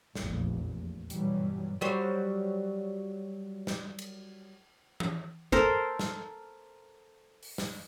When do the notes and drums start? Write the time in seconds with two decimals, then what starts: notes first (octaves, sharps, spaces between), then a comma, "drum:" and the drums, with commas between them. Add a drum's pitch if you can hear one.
0.15 F1 A#1 E2, drum: snare
1.10 G2 B2 E3 F#3 G3, drum: hi-hat
1.81 F#3 G3 C5
3.67 drum: snare
3.99 drum: cymbal
5.00 drum: tom E3
5.52 A4 A#4 C5, drum: kick
5.99 drum: snare
7.43 drum: open hi-hat
7.58 drum: snare